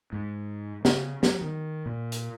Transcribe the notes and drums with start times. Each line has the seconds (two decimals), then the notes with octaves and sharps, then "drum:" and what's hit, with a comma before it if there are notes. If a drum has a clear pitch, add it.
0.13 G#2
0.85 C#3, drum: snare
1.23 F#3, drum: snare
1.41 D#3
1.86 A#2
2.12 drum: hi-hat